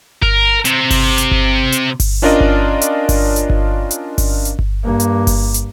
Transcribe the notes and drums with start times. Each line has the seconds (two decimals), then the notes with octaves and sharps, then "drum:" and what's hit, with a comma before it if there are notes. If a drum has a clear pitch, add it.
0.22 A#4, drum: kick G1
0.65 C3, drum: hi-hat
0.91 drum: kick G1, open hi-hat
1.18 drum: hi-hat
1.31 drum: kick G1
1.72 drum: hi-hat
2.00 drum: kick G1, open hi-hat
2.22 C#4 D4 F4 A#4 D5 D#5
2.41 drum: kick G1
2.81 drum: hi-hat
3.09 drum: kick G1, open hi-hat
3.36 drum: hi-hat
3.50 drum: kick G1
3.91 drum: hi-hat
4.18 drum: kick G1, open hi-hat
4.45 drum: hi-hat
4.59 drum: kick G1
4.84 G2 A#3
5.00 drum: hi-hat
5.27 drum: kick G1, open hi-hat
5.54 drum: hi-hat